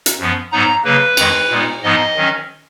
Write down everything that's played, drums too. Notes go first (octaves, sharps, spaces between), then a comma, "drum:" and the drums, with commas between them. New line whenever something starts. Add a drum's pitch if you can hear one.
drum: hi-hat
F#2 F3 B3
G#2 F#3 B3 D#4 A#5
C#3 F#3 A#3 B4
F2 D#3 G#3, drum: cymbal
A#2 G#3 B3 D#4
G#2 F3 B3 D#4 D#5
D#3 F#3 C#4